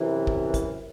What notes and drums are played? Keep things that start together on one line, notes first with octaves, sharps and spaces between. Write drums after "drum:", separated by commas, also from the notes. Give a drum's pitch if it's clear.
F#2 C3 E3
drum: kick
drum: kick, hi-hat